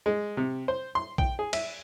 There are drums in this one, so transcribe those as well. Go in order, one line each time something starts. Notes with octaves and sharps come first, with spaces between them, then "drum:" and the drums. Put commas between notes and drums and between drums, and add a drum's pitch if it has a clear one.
G#3
C3
C5
C6
G5, drum: kick A#1
G#4
E5, drum: cymbal